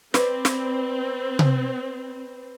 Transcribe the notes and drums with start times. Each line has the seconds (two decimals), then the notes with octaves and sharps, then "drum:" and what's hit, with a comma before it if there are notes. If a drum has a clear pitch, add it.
0.14 C4 B4 D5, drum: snare
0.45 drum: snare
1.39 drum: tom C3